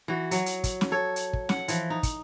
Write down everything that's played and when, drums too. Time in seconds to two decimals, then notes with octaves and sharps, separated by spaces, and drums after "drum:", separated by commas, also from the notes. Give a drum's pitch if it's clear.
0.08 E3 F#4
0.31 F#3, drum: hi-hat
0.46 drum: hi-hat
0.64 drum: kick, hi-hat
0.81 drum: snare
0.92 A4 C#5
1.16 drum: hi-hat
1.33 drum: kick
1.49 F#5, drum: snare
1.68 E3 F3, drum: hi-hat
1.90 D#4
2.03 drum: kick, hi-hat